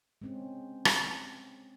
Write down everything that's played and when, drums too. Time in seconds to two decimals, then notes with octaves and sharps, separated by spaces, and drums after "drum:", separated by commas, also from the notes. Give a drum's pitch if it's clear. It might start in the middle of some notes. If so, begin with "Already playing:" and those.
0.22 G#3 C4 C#4
0.85 drum: rim click